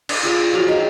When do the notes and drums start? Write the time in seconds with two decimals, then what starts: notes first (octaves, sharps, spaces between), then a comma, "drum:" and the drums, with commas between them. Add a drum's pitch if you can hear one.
0.09 D4, drum: cymbal
0.23 F4 G#4 D5 E5
0.39 F4
0.53 F3 F#3 F5 F#5
0.68 D#4 G#4 C#5 G5